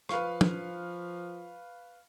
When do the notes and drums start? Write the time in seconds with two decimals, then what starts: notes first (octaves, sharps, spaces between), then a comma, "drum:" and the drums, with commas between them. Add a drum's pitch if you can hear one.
0.09 F3 B4 F5 C#6, drum: rim click
0.41 drum: tom